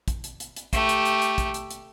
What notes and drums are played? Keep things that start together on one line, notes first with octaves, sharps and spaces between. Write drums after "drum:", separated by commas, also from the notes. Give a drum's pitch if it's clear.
drum: kick, hi-hat
drum: hi-hat
drum: hi-hat
drum: hi-hat
A3 G4, drum: kick, hi-hat
drum: hi-hat
drum: hi-hat
drum: hi-hat
drum: kick, hi-hat
drum: hi-hat
drum: hi-hat